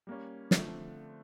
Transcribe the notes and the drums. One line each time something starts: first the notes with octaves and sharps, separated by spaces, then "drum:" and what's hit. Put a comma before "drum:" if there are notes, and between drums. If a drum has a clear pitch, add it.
G3 A#3 C#4
D3 F3 A3 C4, drum: snare